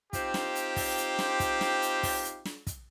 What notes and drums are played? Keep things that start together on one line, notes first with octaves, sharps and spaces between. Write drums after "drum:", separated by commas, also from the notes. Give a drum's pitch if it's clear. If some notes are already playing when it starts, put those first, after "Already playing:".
C4 D#4 F4 G4, drum: kick, hi-hat
drum: snare
drum: hi-hat
drum: kick, open hi-hat
drum: hi-hat
drum: snare
drum: kick, hi-hat
drum: snare
drum: hi-hat
drum: kick, open hi-hat
drum: hi-hat
drum: snare
drum: kick, hi-hat